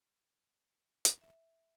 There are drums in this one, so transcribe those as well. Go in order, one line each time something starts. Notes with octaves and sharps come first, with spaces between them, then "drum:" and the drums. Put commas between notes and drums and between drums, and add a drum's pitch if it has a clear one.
drum: hi-hat
E5